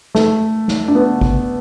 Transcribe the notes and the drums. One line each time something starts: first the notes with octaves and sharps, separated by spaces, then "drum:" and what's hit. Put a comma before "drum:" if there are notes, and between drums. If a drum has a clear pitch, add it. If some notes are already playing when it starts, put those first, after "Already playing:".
A3, drum: snare
drum: snare
D4
B3
drum: kick G#1